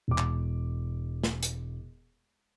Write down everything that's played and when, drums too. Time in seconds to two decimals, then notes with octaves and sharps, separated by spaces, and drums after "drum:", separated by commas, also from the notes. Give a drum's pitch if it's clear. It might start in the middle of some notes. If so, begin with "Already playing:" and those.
0.08 E1 D6
0.18 drum: clap
1.24 drum: snare
1.43 drum: hi-hat